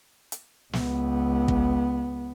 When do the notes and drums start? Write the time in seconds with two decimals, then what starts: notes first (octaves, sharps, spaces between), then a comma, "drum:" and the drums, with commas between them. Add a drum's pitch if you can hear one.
0.32 drum: hi-hat
0.73 C#2 B3, drum: snare
1.48 drum: kick